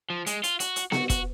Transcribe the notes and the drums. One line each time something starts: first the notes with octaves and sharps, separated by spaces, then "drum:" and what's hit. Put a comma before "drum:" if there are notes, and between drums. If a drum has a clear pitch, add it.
F3
G#3, drum: hi-hat
F4, drum: hi-hat
F#4, drum: hi-hat
drum: hi-hat
F#4, drum: snare B3
F#4, drum: kick, hi-hat